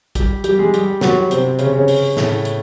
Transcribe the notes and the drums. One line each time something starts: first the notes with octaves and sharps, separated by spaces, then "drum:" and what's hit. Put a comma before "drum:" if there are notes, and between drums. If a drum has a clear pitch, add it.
G3 G4, drum: kick, hi-hat
G3 G4, drum: hi-hat
G#3 G#4
G3 G4, drum: hi-hat
F#3 F#4, drum: snare
C3 C4, drum: hi-hat
C#3 C#4, drum: hi-hat
C#3 C#4
drum: open hi-hat
A2 A3, drum: snare
drum: hi-hat